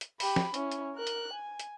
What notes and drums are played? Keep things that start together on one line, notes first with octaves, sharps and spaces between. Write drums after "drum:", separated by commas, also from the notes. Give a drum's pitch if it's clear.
drum: hi-hat
G4 B5, drum: open hi-hat
drum: snare
C#4 E4, drum: hi-hat
drum: hi-hat
A#4 F#6
drum: hi-hat
G#5
drum: hi-hat